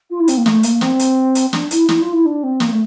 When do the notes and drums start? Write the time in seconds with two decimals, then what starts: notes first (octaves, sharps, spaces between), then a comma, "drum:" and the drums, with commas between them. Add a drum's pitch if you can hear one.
0.10 F4
0.19 E4
0.28 C4, drum: hi-hat
0.37 A#3
0.46 A3, drum: snare
0.63 A#3, drum: hi-hat
0.81 C4, drum: snare
0.99 drum: hi-hat
1.35 drum: hi-hat
1.53 D4, drum: snare
1.71 E4, drum: hi-hat
1.89 E4, drum: snare
2.01 F4
2.12 E4
2.25 D4
2.43 C4
2.60 A#3, drum: snare
2.70 A3